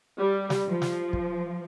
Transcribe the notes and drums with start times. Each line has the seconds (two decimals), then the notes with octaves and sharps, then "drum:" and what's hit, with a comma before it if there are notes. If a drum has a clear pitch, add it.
0.19 G3
0.50 drum: snare
0.66 F3
0.82 drum: snare
1.13 drum: kick